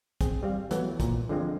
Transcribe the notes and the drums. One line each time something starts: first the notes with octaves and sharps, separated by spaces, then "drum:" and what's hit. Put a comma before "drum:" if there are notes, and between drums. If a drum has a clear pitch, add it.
C4 G#4, drum: kick, hi-hat
G3 C4 F5
E3 F#3 A3 B3, drum: hi-hat
A#2, drum: kick, hi-hat
D3 F3 G#3 C4